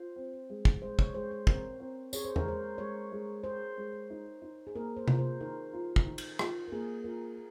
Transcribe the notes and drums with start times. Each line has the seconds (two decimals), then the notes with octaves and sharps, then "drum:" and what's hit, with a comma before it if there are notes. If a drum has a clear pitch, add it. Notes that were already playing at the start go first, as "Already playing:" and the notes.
Already playing: F4 C5
0.16 C4
0.50 G#3
0.65 drum: kick
0.82 G#3 C5
0.99 C#5, drum: kick
1.15 G#3 C5
1.31 C5
1.47 C4 A#4, drum: kick
1.80 C4
2.13 G#4 C#5, drum: tambourine
2.25 C5
2.36 A#4, drum: tom E2
2.45 G#3 C5
2.78 G#3 C#5
3.12 G#3
3.44 G#4 C5
3.77 G#3
4.10 D#4
4.42 D#4
4.67 G#4
4.75 A#3 A#4
4.97 C5
5.08 F4, drum: tom C3
5.19 C5
5.41 D#3 A#4
5.73 F4
5.96 drum: kick
6.06 D#3
6.18 drum: cymbal
6.39 F4, drum: rim click
6.68 A#4
6.72 A#3 G#4
7.04 F4 A#4